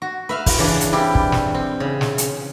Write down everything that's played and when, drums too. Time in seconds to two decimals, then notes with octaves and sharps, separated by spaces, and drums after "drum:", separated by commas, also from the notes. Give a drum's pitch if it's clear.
0.02 F#4
0.29 B4 E5 F5
0.46 drum: kick, open hi-hat
0.58 C#3 E3 D4 B4 G#5
0.81 drum: hi-hat
0.92 G3 C4 E4 G4
1.15 drum: kick
1.32 drum: snare
1.54 C4
1.80 C#3
2.01 drum: snare
2.18 drum: hi-hat